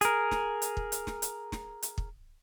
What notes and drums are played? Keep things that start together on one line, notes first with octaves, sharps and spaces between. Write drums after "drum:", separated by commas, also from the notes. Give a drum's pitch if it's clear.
G#4 A#4, drum: hi-hat
drum: snare
drum: hi-hat
drum: kick
drum: hi-hat
drum: snare
drum: hi-hat
drum: snare
drum: hi-hat
drum: kick